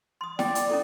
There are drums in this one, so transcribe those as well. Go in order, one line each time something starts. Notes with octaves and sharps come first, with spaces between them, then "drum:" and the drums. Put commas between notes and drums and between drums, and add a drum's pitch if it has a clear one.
C6 D#6
D5 G5, drum: snare E4
drum: hi-hat
C#4 E4 A4